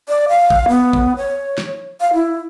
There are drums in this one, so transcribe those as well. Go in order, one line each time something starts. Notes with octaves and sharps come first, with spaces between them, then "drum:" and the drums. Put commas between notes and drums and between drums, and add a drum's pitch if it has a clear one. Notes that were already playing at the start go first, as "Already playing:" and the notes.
D5
F5
drum: kick A1
B3
drum: kick A1
C#5
drum: snare
F5
E4